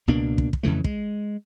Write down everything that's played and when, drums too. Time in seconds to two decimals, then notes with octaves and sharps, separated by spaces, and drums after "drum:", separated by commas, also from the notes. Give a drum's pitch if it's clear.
0.07 C#2 B2 A#3 D4
0.38 drum: kick
0.53 drum: kick
0.63 F2 C#3 E3 A3
0.84 G#3, drum: kick